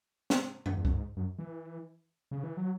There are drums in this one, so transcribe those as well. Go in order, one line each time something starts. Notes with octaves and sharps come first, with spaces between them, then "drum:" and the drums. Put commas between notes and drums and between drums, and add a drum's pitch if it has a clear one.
drum: snare
drum: tom F#2
E2
F#2, drum: kick
G#2
F#2
E3
C#3
E3
F#3